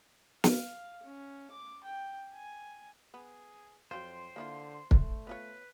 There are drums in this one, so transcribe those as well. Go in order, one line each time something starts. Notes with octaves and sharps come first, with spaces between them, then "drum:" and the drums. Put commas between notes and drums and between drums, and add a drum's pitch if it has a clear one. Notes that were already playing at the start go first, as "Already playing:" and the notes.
F5, drum: snare
C#4
D6
G5
G#5
B3 G#4
F2 F3 F#3 F4 C5 G5 C6
D3 A#3 E4 F4
A3 D4, drum: kick
B3 F4 B4 C#5